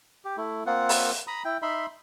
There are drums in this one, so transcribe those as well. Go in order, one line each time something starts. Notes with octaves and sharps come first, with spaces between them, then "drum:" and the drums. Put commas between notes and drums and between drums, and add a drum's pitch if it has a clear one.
G4
A3 E4
A#3 C4 F4 F#5
drum: open hi-hat
A#5 B5 D#6
E4 G5
D#4 E5 B5 C6